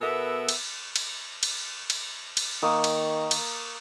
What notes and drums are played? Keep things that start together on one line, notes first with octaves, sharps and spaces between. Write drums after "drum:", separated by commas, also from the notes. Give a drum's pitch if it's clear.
B2 B3 A4 A#4 E5
drum: cymbal
drum: cymbal
drum: cymbal
drum: cymbal
drum: cymbal
D#3 A#3 C#6 D#6
drum: cymbal
drum: cymbal